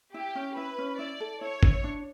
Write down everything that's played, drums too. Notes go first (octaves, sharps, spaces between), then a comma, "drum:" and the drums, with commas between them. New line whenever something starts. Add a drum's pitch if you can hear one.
E4 G4
C#4
E4 B4
C#4
E4 D5
A4
E4 C#5
E4, drum: kick G1
D4